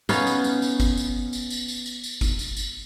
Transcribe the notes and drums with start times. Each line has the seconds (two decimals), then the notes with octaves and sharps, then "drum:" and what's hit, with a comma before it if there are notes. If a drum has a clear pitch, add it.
0.09 B3 C#4 D#4 F5, drum: tambourine
0.27 drum: tambourine
0.44 drum: tambourine
0.62 drum: tambourine
0.80 drum: kick, tambourine
0.97 drum: tambourine
1.33 drum: tambourine
1.50 drum: tambourine
1.68 drum: tambourine
1.86 drum: tambourine
2.04 drum: tambourine
2.21 drum: kick, tambourine
2.39 drum: tambourine
2.57 drum: tambourine